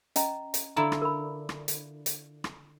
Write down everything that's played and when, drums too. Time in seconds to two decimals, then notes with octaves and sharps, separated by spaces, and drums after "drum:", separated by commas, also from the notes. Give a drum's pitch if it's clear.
0.16 C#4 D#5 A#5, drum: hi-hat
0.54 drum: hi-hat
0.76 D3 E4 F4 A#5
0.92 drum: rim click
1.02 A#4 B5
1.49 drum: rim click
1.68 drum: hi-hat
2.06 drum: hi-hat
2.44 drum: rim click